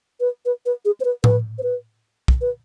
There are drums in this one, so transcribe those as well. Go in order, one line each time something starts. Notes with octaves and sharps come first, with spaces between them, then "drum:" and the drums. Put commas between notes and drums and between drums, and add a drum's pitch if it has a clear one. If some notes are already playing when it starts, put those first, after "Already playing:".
B4
B4
B4
G#4
C5
B4
B4, drum: tom A2
C5
B4
drum: kick
B4